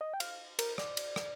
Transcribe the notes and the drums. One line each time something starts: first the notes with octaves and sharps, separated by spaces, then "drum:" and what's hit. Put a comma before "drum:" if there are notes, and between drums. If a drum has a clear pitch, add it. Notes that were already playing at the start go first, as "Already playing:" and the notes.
D#5
G5
F5, drum: cymbal
A#4, drum: cymbal
D5, drum: rim click
drum: cymbal
drum: rim click